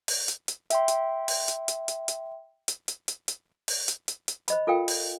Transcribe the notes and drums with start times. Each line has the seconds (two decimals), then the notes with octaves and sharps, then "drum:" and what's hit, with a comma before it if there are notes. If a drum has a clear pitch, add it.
0.08 drum: open hi-hat
0.28 drum: hi-hat
0.48 drum: hi-hat
0.70 E5 G5 C6, drum: hi-hat
0.88 drum: hi-hat
1.28 drum: open hi-hat
1.48 drum: hi-hat
1.68 drum: hi-hat
1.88 drum: hi-hat
2.08 drum: hi-hat
2.68 drum: hi-hat
2.88 drum: hi-hat
3.08 drum: hi-hat
3.28 drum: hi-hat
3.68 drum: open hi-hat
3.88 drum: hi-hat
4.08 drum: hi-hat
4.28 drum: hi-hat
4.48 C5 D#5 B5, drum: hi-hat
4.67 F4 A4 A#4 F5 G5
4.88 drum: open hi-hat